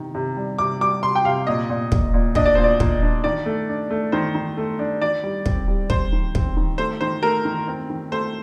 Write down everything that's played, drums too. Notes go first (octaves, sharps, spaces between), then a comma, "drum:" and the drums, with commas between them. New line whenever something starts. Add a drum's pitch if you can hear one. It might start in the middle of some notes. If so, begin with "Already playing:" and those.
Already playing: C3 D#3
C3
G3
C3 D6
G3 D6
C3 C6
G5
C3 F5
A#2 D#5
A#2
A#2, drum: kick
A#2
D4 D#5, drum: kick
D5
A#2 C5
D5
A#2, drum: kick
D4
D#3 D5
A3
D4
A3
D#3 C5
D#3
A3
D4
D#3 D5
G3
C4, drum: kick
G3
C4 C5, drum: kick
D#3
C4, drum: kick
D#3
A3 C5
D#3 C5
A3 A#4
D#3
C4
D#3
A3 C5